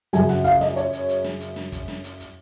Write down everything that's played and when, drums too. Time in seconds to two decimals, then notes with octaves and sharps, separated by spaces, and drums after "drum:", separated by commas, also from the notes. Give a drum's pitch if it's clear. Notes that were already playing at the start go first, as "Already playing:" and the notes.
0.13 F#2 C#3 F#3 G#5, drum: hi-hat
0.29 F#5, drum: snare
0.44 F5, drum: kick, hi-hat
0.61 D#5, drum: snare
0.76 C#5, drum: hi-hat
0.93 drum: hi-hat
1.08 drum: hi-hat
1.24 drum: snare
1.40 drum: hi-hat
1.56 drum: snare
1.72 drum: kick, hi-hat
1.88 drum: snare
2.04 drum: hi-hat
2.20 drum: hi-hat